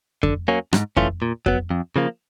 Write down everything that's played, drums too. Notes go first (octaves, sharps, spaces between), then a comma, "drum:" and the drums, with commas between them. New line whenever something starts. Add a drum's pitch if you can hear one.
D3, drum: kick F2
F#3 A#3 C#4
G#2, drum: rim click
E3 A3 C#4 F4, drum: kick F2
A#2
F#3 B3, drum: kick F2
F2
C#3 F3 A#3